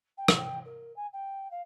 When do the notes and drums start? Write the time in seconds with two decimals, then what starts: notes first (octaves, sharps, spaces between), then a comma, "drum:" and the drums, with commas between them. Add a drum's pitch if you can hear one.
0.18 G5
0.28 drum: rim click
0.38 G5
0.65 A#4
0.96 G#5
1.13 G5
1.51 F5